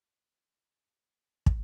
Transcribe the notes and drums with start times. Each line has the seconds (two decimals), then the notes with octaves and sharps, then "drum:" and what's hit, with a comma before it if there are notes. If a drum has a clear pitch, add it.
0.11 G3
0.20 A3
1.46 drum: kick